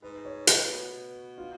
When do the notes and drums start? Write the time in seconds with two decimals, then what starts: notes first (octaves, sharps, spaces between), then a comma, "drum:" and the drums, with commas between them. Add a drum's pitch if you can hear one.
0.02 G#2 B4
0.25 C#5
0.47 B4, drum: hi-hat
0.70 B2
1.38 F4